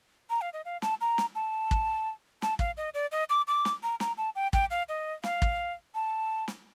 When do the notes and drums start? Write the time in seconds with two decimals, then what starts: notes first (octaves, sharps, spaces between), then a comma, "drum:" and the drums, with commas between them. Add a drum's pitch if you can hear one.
0.30 A#5
0.41 F5
0.53 D#5
0.65 F5
0.82 A5, drum: snare
1.01 A#5
1.18 drum: snare
1.35 A5
1.71 drum: kick
2.42 A5, drum: snare
2.59 F5, drum: kick
2.77 D#5
2.94 D5
3.12 D#5
3.30 D6
3.48 D6
3.65 drum: snare
3.83 A#5
4.00 A#5, drum: snare
4.18 A5
4.35 G5
4.53 G5, drum: kick
4.71 F5
4.89 D#5
5.24 F5, drum: snare
5.42 drum: kick
5.95 A5
6.48 drum: snare